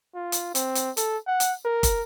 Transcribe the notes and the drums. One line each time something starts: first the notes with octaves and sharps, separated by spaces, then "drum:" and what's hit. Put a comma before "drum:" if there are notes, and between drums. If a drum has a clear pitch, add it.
F4
drum: hi-hat
C4, drum: hi-hat
drum: hi-hat
A4, drum: hi-hat
F#5
drum: hi-hat
A#4
drum: kick, hi-hat